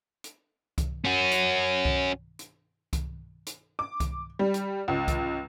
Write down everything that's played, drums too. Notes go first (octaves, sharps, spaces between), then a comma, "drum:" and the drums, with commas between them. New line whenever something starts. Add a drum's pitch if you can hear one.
drum: hi-hat
drum: kick C2, hi-hat
C#4 F#4
drum: hi-hat
drum: kick C2
drum: hi-hat
drum: kick C2, hi-hat
drum: hi-hat
D6
drum: kick C2, hi-hat
G3
drum: hi-hat
C#2
drum: kick C2, hi-hat